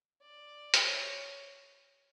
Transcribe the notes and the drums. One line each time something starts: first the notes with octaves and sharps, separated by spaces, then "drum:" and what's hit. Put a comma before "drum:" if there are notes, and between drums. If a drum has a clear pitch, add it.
D5
C#5, drum: hi-hat